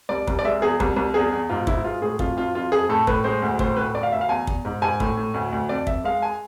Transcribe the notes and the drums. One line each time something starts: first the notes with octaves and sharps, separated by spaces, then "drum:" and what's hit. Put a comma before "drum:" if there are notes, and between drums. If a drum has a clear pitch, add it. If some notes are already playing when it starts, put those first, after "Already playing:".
C2 D5
C2, drum: kick
D5
G#3 E5
E2 G#4
C2, drum: kick
C2
E2 G#4
E2
G#2 F4
G#2 E4, drum: kick
G#3 F4
A2 G#4
F2 F4, drum: kick
F2 F4
F2 F4
F2 G#4
A2 A4
A2 B4, drum: kick
G#3 C5
D2
A2 C5, drum: kick
A2 B4
D2 D5
F5
D2 E5
F5
E2 G#5
E2, drum: kick
G#2
G#2 G#5
A2, drum: kick
A2
D2
D2
F2 D5
F2 E5, drum: kick
G#3 F5
G#5